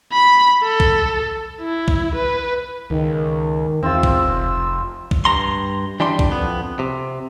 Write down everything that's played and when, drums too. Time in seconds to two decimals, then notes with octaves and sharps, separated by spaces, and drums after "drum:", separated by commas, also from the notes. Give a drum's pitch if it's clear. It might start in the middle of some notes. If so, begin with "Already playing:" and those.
0.13 B5
0.64 A4
0.80 drum: kick B1
1.61 E4
1.88 drum: kick B1
2.16 B4
2.90 C#2 D#3
3.83 E2 C4 F4 E6
4.03 drum: kick B1
4.25 F1
5.11 drum: kick B1
5.25 G2 A#5 C6
6.00 E3 G3 D4 C6
6.19 drum: kick B1
6.29 F2 B3
6.79 C3